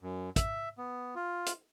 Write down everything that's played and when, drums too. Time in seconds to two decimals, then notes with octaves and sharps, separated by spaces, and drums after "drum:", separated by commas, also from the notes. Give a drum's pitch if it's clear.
0.01 F#2
0.36 E5, drum: kick, hi-hat
0.78 B3
1.15 F4
1.46 drum: hi-hat